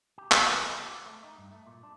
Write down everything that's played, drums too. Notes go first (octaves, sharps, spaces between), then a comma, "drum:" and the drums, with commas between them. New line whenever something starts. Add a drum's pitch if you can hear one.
G4
C4, drum: clap
C#2
B3
G4
A3
D#4
G2
A3
A#2
D4